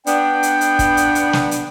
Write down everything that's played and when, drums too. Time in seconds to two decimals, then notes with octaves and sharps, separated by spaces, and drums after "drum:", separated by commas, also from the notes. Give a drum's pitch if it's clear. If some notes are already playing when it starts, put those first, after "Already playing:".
0.07 B3 D4 G5, drum: hi-hat
0.43 drum: hi-hat
0.61 drum: hi-hat
0.79 drum: kick, hi-hat
0.97 drum: hi-hat
1.15 drum: hi-hat
1.33 drum: snare
1.51 drum: hi-hat